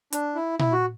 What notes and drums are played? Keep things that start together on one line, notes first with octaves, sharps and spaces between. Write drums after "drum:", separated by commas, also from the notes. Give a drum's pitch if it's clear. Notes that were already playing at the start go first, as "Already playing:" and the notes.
D4, drum: hi-hat
E4
E4, drum: tom A#2
F#4